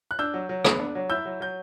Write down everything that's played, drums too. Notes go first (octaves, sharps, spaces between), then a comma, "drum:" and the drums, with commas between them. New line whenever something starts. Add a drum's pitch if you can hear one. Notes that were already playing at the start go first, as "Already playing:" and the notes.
F#6
D4 E6 G6
F#3
F#3
B3, drum: rim click
D4
F#3
E4 E6 G6
F#3
F#3 G6